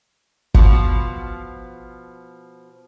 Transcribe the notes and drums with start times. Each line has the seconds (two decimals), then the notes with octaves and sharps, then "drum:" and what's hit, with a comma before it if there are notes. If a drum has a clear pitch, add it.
0.54 B2 F3, drum: kick G1